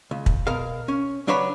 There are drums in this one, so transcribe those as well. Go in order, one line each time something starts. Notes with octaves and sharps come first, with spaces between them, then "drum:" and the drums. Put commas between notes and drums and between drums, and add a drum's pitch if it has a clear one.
C#2
drum: kick
B2 A#4 F5
C#4
C#3 F#3 D4 B4 C#5 B5